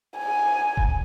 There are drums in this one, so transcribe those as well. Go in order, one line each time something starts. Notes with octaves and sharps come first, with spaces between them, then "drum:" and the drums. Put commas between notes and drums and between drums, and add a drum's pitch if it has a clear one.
G#5
drum: kick D#1